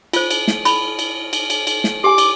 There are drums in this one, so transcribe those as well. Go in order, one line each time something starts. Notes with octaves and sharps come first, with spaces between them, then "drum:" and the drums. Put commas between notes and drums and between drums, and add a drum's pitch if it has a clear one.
F4 C5, drum: cymbal
drum: cymbal
drum: snare
B5, drum: cymbal
drum: cymbal
drum: cymbal
drum: cymbal
drum: cymbal
drum: snare
G4 G#5 D6
drum: cymbal